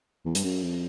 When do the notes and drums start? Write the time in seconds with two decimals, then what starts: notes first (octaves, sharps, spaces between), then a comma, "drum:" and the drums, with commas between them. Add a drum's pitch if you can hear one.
0.25 E2
0.35 G2, drum: hi-hat
0.44 F#2
0.63 F2